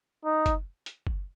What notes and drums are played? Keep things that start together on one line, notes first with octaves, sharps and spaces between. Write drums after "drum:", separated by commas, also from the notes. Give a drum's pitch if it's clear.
D#4
drum: kick F#1, hi-hat
drum: hi-hat
drum: kick F#1